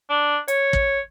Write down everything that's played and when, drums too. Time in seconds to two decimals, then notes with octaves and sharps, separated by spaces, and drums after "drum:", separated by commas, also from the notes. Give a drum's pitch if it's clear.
0.10 D4
0.48 C#5, drum: hi-hat
0.73 drum: kick